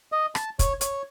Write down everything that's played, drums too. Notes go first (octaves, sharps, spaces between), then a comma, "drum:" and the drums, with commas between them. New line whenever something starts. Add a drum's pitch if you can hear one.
D#5
A5, drum: rim click
C#5, drum: kick, hi-hat
C#5, drum: hi-hat